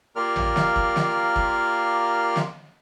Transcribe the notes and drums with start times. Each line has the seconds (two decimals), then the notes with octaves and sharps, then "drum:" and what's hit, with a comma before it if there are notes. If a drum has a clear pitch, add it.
0.16 A#3 F4 G4 A#4 D5 F6
0.36 drum: tom
0.56 drum: snare
0.76 drum: kick
0.96 drum: snare
1.36 drum: kick
2.36 drum: snare